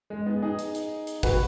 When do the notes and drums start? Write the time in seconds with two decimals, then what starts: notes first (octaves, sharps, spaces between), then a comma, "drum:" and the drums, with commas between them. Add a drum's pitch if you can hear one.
0.10 G#3
0.26 B3 D#4
0.42 D#4 G#4
0.59 drum: hi-hat
0.75 drum: hi-hat
1.07 drum: hi-hat
1.23 F#4 B4, drum: kick, open hi-hat